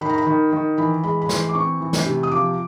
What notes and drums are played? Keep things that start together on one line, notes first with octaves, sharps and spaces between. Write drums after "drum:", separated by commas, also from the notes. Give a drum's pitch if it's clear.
D#3 B5
A#5
B5
D#3
D#3
E3 B5
G#3 B5
B5
E3 C6, drum: snare
D6
C4 C#6
E3
drum: snare
C3
D#6
F3 D6